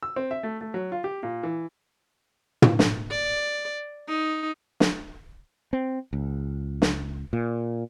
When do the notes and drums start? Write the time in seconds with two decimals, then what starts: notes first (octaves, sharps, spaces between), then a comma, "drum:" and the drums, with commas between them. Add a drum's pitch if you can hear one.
0.03 E6
0.16 C4
0.31 E5
0.43 A3
0.61 A3
0.74 F#3
0.92 F4
1.04 G4
1.23 A#2
1.43 E3
2.62 drum: tom
2.79 drum: snare
3.11 D5
4.09 D#4
4.80 drum: snare
5.73 C4
6.13 C#2
6.82 drum: snare
7.33 A#2